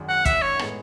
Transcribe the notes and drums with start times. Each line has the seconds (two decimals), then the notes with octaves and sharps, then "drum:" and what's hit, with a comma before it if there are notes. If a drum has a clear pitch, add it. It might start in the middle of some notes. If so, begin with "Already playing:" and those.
Already playing: G#1 F#2 D#3
0.08 F#5
0.25 E5, drum: kick, hi-hat
0.42 C#5
0.59 A2 G#3 B3, drum: rim click